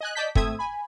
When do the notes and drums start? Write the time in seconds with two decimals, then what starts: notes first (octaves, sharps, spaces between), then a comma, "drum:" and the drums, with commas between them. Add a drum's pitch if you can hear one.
0.01 D#5 G#5 F#6
0.15 D5 D#5 A5 G6 B6
0.35 G#1 A3 C4 E5 D#6 G#6, drum: kick
0.59 G#5 B5